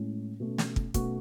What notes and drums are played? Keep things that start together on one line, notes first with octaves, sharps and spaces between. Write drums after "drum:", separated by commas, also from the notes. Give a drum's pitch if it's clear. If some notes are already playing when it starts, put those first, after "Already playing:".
Already playing: A2 G#3 C#4
B2 A3 C#4
drum: snare
drum: kick
B2 A3 C#4 F#4, drum: kick, hi-hat